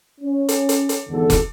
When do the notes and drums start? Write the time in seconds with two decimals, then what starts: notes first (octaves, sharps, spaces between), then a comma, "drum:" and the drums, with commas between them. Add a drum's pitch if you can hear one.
0.21 C#4
0.49 drum: hi-hat
0.69 drum: hi-hat
0.89 drum: hi-hat
1.09 G#1 E2 D3 A4
1.30 drum: kick F1, hi-hat